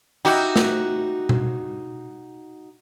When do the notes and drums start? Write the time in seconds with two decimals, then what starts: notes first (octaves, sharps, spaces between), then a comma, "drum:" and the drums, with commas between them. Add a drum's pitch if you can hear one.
0.25 D#4 E4 F#4 G4
0.56 drum: snare
1.29 drum: tom B2